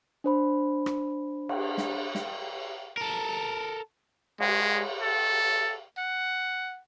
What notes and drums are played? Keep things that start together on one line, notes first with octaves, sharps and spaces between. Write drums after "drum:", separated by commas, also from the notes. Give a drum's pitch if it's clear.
D4 C5 B5
drum: rim click
drum: cymbal
drum: snare
drum: snare
A4 A#4
G#3, drum: cymbal
A4
F#5